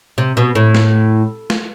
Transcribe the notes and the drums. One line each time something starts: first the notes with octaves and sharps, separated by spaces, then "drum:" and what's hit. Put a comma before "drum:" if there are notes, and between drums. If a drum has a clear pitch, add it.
C3
B2
A2
drum: snare
drum: snare